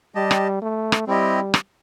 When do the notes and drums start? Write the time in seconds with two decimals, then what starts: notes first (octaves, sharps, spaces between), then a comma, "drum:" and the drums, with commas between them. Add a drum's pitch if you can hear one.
0.15 G3 G4 D#5 A5
0.31 drum: rim click
0.61 A3
0.92 drum: rim click
1.07 G3 C4 E4 G4 D#5
1.54 drum: rim click